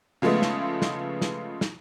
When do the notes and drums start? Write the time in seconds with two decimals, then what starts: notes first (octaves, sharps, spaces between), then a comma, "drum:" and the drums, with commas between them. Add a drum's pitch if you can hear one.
0.22 C#3 F3 G#3 A3 B3
0.42 drum: snare
0.82 drum: snare
1.22 drum: snare
1.61 drum: snare